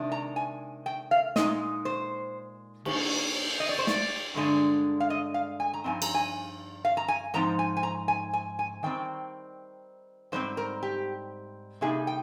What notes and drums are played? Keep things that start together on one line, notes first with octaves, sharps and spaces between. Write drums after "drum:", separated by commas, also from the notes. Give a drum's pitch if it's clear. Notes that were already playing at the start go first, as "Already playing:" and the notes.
Already playing: C3 D#3 G#3 D4
A#5
G#5
G5
F5
A#2 G#3 D#4 D#5, drum: snare
C5
D#3 A#3 D4, drum: cymbal
D#5
D5
C5
D5, drum: snare
G2 D3 G#3 D4
F5
D#5
F5
G#5
A#5
G2 F3 C4 D#4 G#5
A#5, drum: cymbal
G#5
F5
A#5
G#5
G#2 F3 C4 D#4 A#5
G#5
G#5
A#5
G#5
G#5
G#5
D#3 G3 C4 G5
G#2 G3 C4 C5
A#4
G4
C3 G3 A#3 D#4 G#4
G5